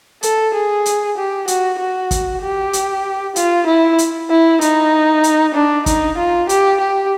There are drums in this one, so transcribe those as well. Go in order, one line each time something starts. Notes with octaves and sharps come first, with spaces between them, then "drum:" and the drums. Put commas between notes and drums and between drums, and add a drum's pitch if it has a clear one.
A4, drum: hi-hat
G#4
drum: hi-hat
G4
F#4, drum: hi-hat
F#4
drum: kick, hi-hat
G4
drum: hi-hat
F4, drum: hi-hat
E4
drum: hi-hat
E4
D#4, drum: hi-hat
drum: hi-hat
D4
D#4, drum: kick, hi-hat
F4
G4, drum: hi-hat
G4